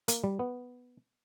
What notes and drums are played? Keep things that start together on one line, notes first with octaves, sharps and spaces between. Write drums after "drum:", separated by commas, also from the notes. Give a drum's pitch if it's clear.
A#3, drum: hi-hat
G3
B3